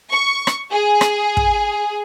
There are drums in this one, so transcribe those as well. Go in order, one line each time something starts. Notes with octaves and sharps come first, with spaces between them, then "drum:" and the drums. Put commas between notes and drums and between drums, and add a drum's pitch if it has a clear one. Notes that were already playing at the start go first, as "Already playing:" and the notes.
C#6
drum: rim click
G#4
drum: rim click
drum: kick